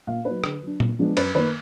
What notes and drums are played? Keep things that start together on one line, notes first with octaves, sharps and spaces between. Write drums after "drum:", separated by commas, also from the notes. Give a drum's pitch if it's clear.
A#2 F5
F#3 A#3 D#4 B4
D3, drum: rim click
F#3 D4
A#2, drum: tom A#2
F3 G#3 B3 D4
F#2 B4, drum: cymbal
D#3 A#3 B4